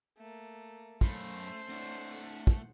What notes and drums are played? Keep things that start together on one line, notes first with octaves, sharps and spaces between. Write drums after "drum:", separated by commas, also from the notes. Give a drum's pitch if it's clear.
A3 A#3
F#2 A3 C#4 C5 B5, drum: kick
C4 D4 F#5
drum: kick